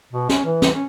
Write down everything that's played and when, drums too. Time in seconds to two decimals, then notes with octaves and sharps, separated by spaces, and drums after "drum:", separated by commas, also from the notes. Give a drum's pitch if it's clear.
0.13 B2
0.29 C#4, drum: snare
0.44 E3
0.62 drum: snare
0.73 C#4